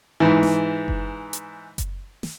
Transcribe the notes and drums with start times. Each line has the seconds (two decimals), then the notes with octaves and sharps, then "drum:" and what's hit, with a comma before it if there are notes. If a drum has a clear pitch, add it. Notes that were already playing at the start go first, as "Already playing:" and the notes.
0.20 G#2 E3
0.43 drum: snare
0.88 drum: kick F#1
1.33 drum: hi-hat
1.78 drum: kick F#1, hi-hat
2.23 drum: snare